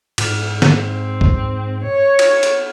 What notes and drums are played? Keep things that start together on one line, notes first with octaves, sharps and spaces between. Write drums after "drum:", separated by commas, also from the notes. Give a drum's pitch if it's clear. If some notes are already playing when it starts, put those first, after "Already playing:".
G#2, drum: cymbal
C4, drum: snare
drum: kick
C#5
drum: cymbal
drum: hi-hat